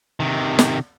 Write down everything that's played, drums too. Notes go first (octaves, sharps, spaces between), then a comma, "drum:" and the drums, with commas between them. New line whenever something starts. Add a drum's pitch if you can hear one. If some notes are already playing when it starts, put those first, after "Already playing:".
C3 D#3
drum: snare